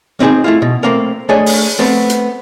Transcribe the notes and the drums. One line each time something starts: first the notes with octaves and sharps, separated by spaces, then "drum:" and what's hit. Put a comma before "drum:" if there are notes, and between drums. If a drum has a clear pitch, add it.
C4 D#4 E4 G#4 C5 D#5
A3 E4 F4
B2
A3 A#3 C4 A#4
A3 D4 G#4 C#5 D#5
drum: open hi-hat
A3 B3 C4
drum: hi-hat